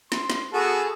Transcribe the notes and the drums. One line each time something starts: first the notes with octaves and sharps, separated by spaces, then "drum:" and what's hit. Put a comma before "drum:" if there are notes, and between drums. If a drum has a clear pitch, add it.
C6, drum: snare
drum: snare
B3 F#4 G#4 A4 A5